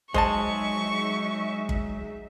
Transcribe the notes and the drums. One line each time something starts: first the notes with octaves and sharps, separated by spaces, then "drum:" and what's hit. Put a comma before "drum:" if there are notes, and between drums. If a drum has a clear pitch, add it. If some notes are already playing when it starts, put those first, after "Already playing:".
F#3 G#3 D#4 C5 D#5 E5 A5 C#6, drum: kick G1
drum: kick G1